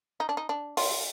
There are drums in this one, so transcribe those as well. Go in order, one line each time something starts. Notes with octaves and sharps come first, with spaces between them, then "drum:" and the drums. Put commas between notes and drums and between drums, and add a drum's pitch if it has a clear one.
D#4
D4
D#4
D4
F4, drum: open hi-hat